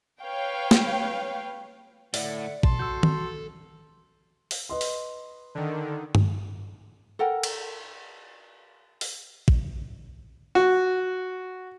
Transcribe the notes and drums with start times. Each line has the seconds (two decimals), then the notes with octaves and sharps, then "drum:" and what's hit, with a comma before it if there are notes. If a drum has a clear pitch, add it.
0.23 B4 C#5 F5 G5
0.71 drum: snare
2.14 A2 D3 D5 E5 F#5, drum: open hi-hat
2.63 B2 A4 C6, drum: kick
2.79 F#4 E6 G6
3.03 drum: tom D#3
4.51 drum: open hi-hat
4.69 B4 D#5 C6
4.81 drum: open hi-hat
5.55 D3 D#3
6.15 drum: tom G2
7.19 A4 A#4 F#5 G5
7.43 drum: cymbal
9.01 drum: open hi-hat
9.48 drum: kick
10.55 F#4